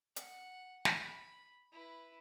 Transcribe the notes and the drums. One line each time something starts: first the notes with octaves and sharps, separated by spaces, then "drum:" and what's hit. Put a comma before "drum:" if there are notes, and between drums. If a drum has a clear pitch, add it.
F#5, drum: hi-hat
drum: snare
B5
E4 B4